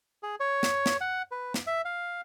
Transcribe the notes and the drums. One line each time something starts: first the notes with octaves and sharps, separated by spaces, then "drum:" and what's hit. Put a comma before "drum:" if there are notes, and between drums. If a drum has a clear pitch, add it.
G#4
C#5
drum: snare
drum: snare
F#5
B4
drum: snare
E5
F5